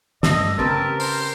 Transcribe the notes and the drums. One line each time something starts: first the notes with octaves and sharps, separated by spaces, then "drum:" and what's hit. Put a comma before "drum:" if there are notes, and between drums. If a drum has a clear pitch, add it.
G2 D3 A3 D#5, drum: snare
C#3 C4 C#4 G4 A#4 B4 A5
C5, drum: open hi-hat